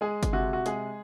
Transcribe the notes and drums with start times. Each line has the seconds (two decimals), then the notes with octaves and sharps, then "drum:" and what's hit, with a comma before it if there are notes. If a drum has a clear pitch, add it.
0.01 G#3 G#4
0.23 drum: kick G1, hi-hat
0.33 C3 F#4
0.53 F#4
0.66 G#3 G#4, drum: hi-hat